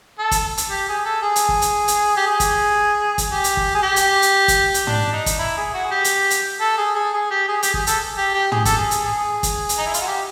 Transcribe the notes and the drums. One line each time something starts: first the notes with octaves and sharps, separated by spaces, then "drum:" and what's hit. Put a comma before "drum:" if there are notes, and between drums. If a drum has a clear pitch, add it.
A4
drum: kick, hi-hat
drum: hi-hat
G4
G#4
A4
G#4
drum: hi-hat
drum: kick
drum: hi-hat
drum: hi-hat
G4
G#4
drum: kick, hi-hat
drum: kick, hi-hat
G4
drum: hi-hat
drum: kick
G#4
G4
drum: hi-hat
drum: hi-hat
drum: kick, hi-hat
drum: hi-hat
D4, drum: tom
D#4
drum: kick, hi-hat
E4
G#4
F#4
G#4
G4
drum: hi-hat
drum: hi-hat
A4
G#4
G#4
G#4
G4
G#4
G4, drum: hi-hat
G#4, drum: kick
A4, drum: hi-hat
G4
G4
G#4, drum: tom
A4, drum: kick, hi-hat
G#4
drum: hi-hat
G#4
drum: kick, hi-hat
drum: hi-hat
D#4
E4
F4, drum: hi-hat
F#4
G4